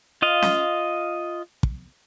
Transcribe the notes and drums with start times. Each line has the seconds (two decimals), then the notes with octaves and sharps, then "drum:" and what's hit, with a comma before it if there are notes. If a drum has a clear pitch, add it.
0.22 F4 D#5 F5
0.42 drum: snare C#4
1.63 drum: kick